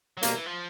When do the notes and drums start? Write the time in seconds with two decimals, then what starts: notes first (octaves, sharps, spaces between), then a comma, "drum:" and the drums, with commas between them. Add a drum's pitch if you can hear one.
0.17 F#3
0.23 B2 F3 G3 A#3, drum: hi-hat
0.34 E3
0.46 F3